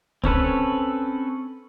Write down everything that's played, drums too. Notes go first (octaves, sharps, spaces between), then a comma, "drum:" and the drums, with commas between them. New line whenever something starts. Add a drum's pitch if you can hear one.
C4 C#4 A4 B4, drum: kick C2